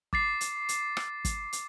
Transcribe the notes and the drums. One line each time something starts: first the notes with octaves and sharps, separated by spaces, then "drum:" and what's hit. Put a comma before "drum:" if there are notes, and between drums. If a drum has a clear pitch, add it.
D6 A6 C7, drum: kick
drum: hi-hat
drum: hi-hat
drum: rim click
drum: kick, hi-hat
drum: hi-hat